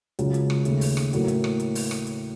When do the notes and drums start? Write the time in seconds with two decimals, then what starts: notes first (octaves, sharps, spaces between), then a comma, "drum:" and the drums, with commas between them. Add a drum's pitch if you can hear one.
0.19 C#2 C#3 F#3, drum: hi-hat
0.34 drum: hi-hat
0.50 drum: rim click
0.65 D#2 C#3 A3, drum: hi-hat
0.81 drum: open hi-hat
0.97 drum: rim click
1.13 A2 F#3 A#3, drum: hi-hat
1.28 drum: hi-hat
1.44 drum: rim click
1.60 drum: hi-hat
1.75 drum: open hi-hat
1.91 drum: rim click
2.07 drum: hi-hat